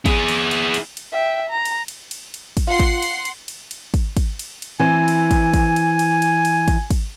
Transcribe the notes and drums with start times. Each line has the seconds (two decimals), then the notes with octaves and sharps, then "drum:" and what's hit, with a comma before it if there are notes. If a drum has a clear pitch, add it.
0.06 E4 G#4, drum: kick, cymbal
0.28 drum: cymbal
0.51 drum: cymbal
0.74 drum: cymbal
0.97 drum: cymbal
1.13 E5 G5
1.49 A#5
1.65 drum: cymbal
1.88 drum: cymbal
2.11 drum: cymbal
2.34 drum: cymbal
2.57 drum: kick, cymbal
2.67 F4 F#5 C6 C7
2.80 drum: kick, cymbal
3.02 drum: cymbal
3.25 drum: cymbal
3.48 drum: cymbal
3.71 drum: cymbal
3.94 drum: kick, cymbal
4.17 drum: kick, cymbal
4.39 drum: cymbal
4.62 drum: cymbal
4.80 E3 C4 G#5
5.08 drum: cymbal
5.31 drum: kick, cymbal
5.54 drum: kick, cymbal
5.76 drum: cymbal
5.99 drum: cymbal
6.22 drum: cymbal
6.45 drum: cymbal
6.68 drum: kick, cymbal
6.91 drum: kick, cymbal